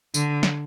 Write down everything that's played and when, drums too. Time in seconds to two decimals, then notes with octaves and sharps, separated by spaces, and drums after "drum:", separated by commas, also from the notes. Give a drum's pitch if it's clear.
0.14 D3, drum: tambourine
0.43 drum: snare